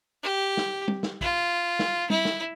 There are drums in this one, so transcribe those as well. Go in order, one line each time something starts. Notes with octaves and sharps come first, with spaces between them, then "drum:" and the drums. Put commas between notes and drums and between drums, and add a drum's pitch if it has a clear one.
G4
drum: snare
drum: tom
drum: snare
F4, drum: kick
drum: snare
E4, drum: tom
drum: snare